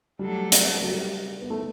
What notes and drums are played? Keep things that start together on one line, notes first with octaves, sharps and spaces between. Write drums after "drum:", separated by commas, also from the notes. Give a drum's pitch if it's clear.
F#3 G3 A3 D4 A4
drum: hi-hat
F#3
G3
B3
A3